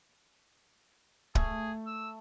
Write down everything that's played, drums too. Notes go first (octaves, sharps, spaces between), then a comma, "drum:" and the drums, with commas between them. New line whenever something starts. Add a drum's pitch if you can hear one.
A3 G#4, drum: kick
E6